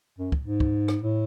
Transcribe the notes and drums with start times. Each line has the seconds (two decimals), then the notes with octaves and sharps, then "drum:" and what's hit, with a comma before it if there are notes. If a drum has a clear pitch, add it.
0.18 F#2
0.32 drum: kick
0.46 G#2
0.60 drum: kick
0.88 drum: rim click
1.02 A2